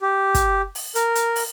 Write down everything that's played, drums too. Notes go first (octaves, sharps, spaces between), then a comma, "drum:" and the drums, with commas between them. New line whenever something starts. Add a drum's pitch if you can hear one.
G4
drum: kick, hi-hat
drum: open hi-hat
A#4, drum: hi-hat
drum: hi-hat
drum: open hi-hat